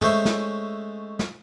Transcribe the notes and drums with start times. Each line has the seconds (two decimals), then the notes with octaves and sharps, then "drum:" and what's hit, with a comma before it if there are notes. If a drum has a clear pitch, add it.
0.01 G#3 A3 C#4 C5 C#5 E5, drum: tom
0.25 drum: snare
1.19 drum: snare